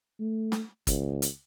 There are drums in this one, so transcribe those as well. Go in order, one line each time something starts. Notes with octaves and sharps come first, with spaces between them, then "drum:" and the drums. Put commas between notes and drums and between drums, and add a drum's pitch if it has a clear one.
A3
drum: snare
C#2, drum: kick, hi-hat
drum: hi-hat